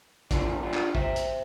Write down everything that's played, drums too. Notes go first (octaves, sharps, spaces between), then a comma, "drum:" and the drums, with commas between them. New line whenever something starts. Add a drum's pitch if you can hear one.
F2 E3 G3 D4 F4, drum: kick A1, hi-hat
D4 F4
drum: clap
C5 E5, drum: kick A1
drum: hi-hat